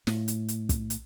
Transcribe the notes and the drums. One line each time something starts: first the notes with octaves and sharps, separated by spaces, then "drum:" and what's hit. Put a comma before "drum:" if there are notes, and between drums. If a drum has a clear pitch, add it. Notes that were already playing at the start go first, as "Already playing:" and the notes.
A2, drum: snare
drum: hi-hat
drum: hi-hat
drum: kick, hi-hat
drum: hi-hat